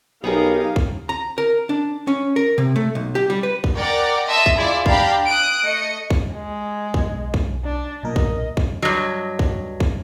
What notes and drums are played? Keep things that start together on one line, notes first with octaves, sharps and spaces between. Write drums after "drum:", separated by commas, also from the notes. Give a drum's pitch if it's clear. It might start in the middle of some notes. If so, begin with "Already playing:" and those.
B1 B3 D#4 G4 G#4 A#4 F5
drum: kick
A#5
A#4
D4
C#4
A#4
C3
A3
B1
G4
G3
B4
drum: kick
A#4 D5 F#5 G5 A#5 D6
D#5 E5 A5 C6 E6
drum: kick
E4 F4 G#4 D5 E5
D4 G4 F5 G5 A#5 B5, drum: kick
D#6 F#6 D7
A3 D#5 C#7
drum: kick
G#3
B1, drum: kick
drum: kick
D4
B1 A#2 A#4 D#5
drum: kick
drum: kick
G2 F#3 D#5
drum: kick
drum: kick